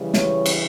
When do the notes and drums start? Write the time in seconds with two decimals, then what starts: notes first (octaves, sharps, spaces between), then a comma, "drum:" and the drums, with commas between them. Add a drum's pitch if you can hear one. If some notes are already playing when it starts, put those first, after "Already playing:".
Already playing: C#3 E3 G3
0.14 C#5, drum: snare
0.46 drum: cymbal